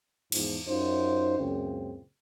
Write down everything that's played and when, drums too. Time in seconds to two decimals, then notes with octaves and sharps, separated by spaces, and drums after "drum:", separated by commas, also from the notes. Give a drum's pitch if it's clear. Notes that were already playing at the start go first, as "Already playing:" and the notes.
0.32 E2 G#2 F3, drum: cymbal
0.67 F#2 D#4 F4 C5
1.37 C#2 F#2 A#2 C#3 C4